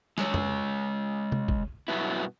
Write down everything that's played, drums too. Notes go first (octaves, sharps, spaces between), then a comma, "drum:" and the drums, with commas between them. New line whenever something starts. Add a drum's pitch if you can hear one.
G#3 C#5, drum: snare
drum: tom F2
drum: tom C3
drum: kick
G2 B2 F#3 B3 E4